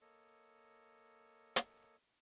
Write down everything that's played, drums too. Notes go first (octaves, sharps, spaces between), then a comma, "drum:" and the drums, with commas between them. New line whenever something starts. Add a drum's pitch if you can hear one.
A#3 A4 C#5 D#5
drum: hi-hat